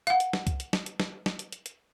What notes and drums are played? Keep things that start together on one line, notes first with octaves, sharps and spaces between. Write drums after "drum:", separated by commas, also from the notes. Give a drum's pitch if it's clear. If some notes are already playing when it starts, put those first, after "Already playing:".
F5 F#5, drum: hi-hat
drum: hi-hat
drum: snare
drum: kick C2, hi-hat
drum: hi-hat
drum: snare
drum: hi-hat
drum: snare
drum: snare
drum: hi-hat
drum: hi-hat
drum: hi-hat